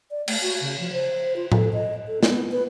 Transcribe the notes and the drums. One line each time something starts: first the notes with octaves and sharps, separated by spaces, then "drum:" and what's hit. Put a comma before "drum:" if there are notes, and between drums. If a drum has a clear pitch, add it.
D5
A3, drum: cymbal
F#4
C#3
F3
C5
F4
A4, drum: tom A2
D#5
A4
B3, drum: snare
B4